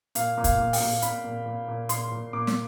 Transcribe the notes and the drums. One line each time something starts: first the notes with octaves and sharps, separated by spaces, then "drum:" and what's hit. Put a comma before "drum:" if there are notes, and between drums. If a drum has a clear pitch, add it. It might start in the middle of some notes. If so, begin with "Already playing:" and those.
A#2 F5, drum: hi-hat
A#2
F5, drum: kick, hi-hat
A#2
G5, drum: open hi-hat
A#2
A#2 B5, drum: hi-hat
A#2
A#2
A#2
A#2 C6, drum: hi-hat
A#2
A#2 D6
drum: snare